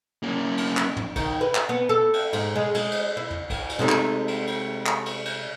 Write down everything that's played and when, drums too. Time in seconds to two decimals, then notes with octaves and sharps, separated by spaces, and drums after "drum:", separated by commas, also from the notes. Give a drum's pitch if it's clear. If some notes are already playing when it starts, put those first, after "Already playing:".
0.23 A#3 C#4
0.58 drum: cymbal
0.77 drum: clap
0.97 drum: tom
1.16 D#3, drum: kick, cymbal
1.41 B4
1.55 drum: clap
1.69 B3
1.89 A4
2.13 drum: cymbal
2.33 G#2, drum: cymbal
2.56 G#3
2.75 G#3, drum: cymbal
2.91 drum: cymbal
3.17 E4
3.30 drum: tom
3.50 drum: kick, cymbal
3.69 drum: cymbal
3.79 C3 G#3 A3 D#4
3.89 drum: clap
4.28 drum: cymbal
4.47 drum: cymbal
4.86 drum: clap
5.06 drum: cymbal
5.25 drum: cymbal